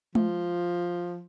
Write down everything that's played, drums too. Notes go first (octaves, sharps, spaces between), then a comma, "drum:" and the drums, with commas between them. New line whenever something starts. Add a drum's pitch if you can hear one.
F3, drum: tom G#3